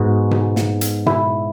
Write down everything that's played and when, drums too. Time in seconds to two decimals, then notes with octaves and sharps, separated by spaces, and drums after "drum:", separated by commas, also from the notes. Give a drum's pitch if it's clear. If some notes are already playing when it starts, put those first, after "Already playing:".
Already playing: G#2 G#3 B3 F#4
0.31 drum: tom B2
0.56 drum: snare
0.81 drum: hi-hat
1.06 E4, drum: tom B2